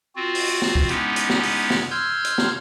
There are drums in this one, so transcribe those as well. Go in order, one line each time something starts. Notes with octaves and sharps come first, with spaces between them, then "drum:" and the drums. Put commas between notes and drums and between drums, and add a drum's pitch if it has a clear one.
C4 F4 F#4
drum: open hi-hat
drum: snare
drum: kick
G#3 B3 C#4 D#4 E4 G4, drum: hi-hat
drum: hi-hat
drum: snare
drum: open hi-hat
drum: snare
C6 E6 F6 G6 G#6
drum: hi-hat
drum: snare